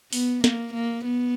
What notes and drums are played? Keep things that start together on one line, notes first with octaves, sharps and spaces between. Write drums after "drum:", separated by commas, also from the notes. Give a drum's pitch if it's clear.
B3, drum: open hi-hat
A#3, drum: snare
A#3
B3